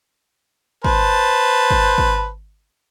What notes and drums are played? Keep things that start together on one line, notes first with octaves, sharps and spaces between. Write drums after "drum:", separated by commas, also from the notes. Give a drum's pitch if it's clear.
B4 C5 A5, drum: kick G#1
drum: kick G#1
drum: kick G#1